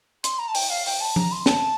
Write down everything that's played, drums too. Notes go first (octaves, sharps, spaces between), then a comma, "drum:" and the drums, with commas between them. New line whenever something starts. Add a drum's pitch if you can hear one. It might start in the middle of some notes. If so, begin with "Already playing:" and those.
C6, drum: hi-hat
A#5
A5
G5, drum: open hi-hat
F5
G5, drum: open hi-hat
A5
A#5, drum: tom F3
C6
A5, drum: snare